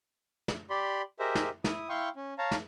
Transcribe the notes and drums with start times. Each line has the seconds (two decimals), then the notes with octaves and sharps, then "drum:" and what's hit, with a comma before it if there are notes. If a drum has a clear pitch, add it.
0.48 drum: snare
0.70 G4 D5 B5 C6
1.19 G4 G#4 A#4 C5 D#5 E5
1.35 drum: snare
1.64 E4 D#6, drum: snare
1.89 E4 F5 G5 C6 C#6
2.16 C#4
2.38 C#5 F5 A5 A#5
2.51 drum: snare